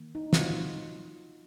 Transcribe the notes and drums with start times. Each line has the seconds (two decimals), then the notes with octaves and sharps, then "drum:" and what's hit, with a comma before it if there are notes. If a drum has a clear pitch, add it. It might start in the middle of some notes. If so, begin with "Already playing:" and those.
Already playing: D#3 A#3
0.15 D#4
0.33 F4, drum: snare
0.39 F#4